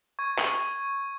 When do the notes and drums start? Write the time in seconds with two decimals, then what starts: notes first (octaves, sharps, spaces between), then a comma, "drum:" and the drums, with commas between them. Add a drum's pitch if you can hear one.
0.19 C#6 G#6
0.38 drum: clap